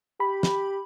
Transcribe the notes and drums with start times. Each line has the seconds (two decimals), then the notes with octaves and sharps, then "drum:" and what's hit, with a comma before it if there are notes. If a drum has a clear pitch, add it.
0.20 G4 B5
0.43 drum: snare